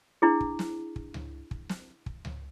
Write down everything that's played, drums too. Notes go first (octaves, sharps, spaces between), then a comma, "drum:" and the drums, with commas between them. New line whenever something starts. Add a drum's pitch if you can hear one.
D4 E4 G#4
drum: kick
drum: snare
drum: kick
drum: tom C#2
drum: kick
drum: snare
drum: kick
drum: tom C#2